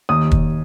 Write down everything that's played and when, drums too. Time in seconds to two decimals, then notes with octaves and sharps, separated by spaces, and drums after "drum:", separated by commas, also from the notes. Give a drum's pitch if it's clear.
0.09 D#2 D#6
0.31 drum: kick